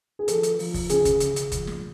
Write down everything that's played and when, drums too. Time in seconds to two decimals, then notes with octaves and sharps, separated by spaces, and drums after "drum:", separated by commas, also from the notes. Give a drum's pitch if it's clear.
0.19 G#4
0.28 F3 A4, drum: hi-hat
0.43 drum: hi-hat
0.59 F3, drum: open hi-hat
0.74 drum: kick F1, open hi-hat
0.90 C#3 G#4, drum: hi-hat
1.05 drum: kick F1, hi-hat
1.20 C#3, drum: hi-hat
1.36 drum: hi-hat
1.52 F3, drum: kick F1, hi-hat
1.67 drum: snare